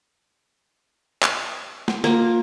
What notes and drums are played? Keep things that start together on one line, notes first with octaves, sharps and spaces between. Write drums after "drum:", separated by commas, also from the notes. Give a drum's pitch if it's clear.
drum: clap
drum: snare
A#3 F4, drum: snare